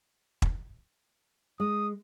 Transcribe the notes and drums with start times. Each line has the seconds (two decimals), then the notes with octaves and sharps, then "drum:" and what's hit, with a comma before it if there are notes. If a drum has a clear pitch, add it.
0.42 drum: kick
1.60 G#3 D#6